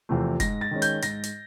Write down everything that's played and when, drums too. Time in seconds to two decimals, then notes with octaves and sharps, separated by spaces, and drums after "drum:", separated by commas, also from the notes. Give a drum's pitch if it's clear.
0.09 E2 C3 F3 A3
0.40 G#2 A#6, drum: kick F1, hi-hat
0.61 A6
0.71 D#3 G#3 C#4
0.82 G6, drum: hi-hat
1.02 G#2 A#6, drum: hi-hat
1.23 drum: hi-hat